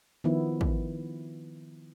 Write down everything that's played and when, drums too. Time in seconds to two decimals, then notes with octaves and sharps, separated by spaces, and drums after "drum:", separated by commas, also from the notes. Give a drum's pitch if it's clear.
0.24 D#3 F3 B3 E4
0.61 drum: kick